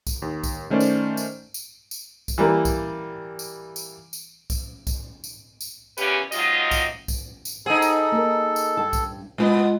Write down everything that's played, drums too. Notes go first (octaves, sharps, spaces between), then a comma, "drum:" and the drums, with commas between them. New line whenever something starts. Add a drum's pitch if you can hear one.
drum: kick B1, tambourine
D#2
drum: kick B1, tambourine
D#3 A3 C#4 C5 D5
drum: tambourine
drum: tambourine
drum: tambourine
drum: tambourine
drum: kick B1, tambourine
E3 G3 A#3
drum: kick B1, tambourine
drum: tambourine
drum: tambourine
drum: tambourine
drum: kick B1, tambourine
drum: kick B1, tambourine
drum: tambourine
drum: tambourine
E2 A#2 C#3 C#4 G4 B4, drum: tambourine
G#2 C3 F#3 F4 D#5, drum: tambourine
drum: kick B1, tambourine
drum: kick B1, tambourine
drum: tambourine
D#4 G#4 A4 C5 F#5
drum: tambourine
A#3 A#4
drum: tambourine
G2 A5
drum: kick B1, tambourine
A#2 G#3 B3 F4 D#5